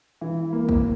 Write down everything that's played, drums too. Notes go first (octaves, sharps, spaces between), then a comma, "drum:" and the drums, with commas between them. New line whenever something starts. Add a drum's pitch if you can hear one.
E3
A#3
drum: kick